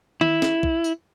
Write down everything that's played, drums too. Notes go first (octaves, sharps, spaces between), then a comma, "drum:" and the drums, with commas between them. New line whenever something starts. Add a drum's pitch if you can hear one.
E4, drum: tom D#3
drum: snare
drum: kick
drum: tambourine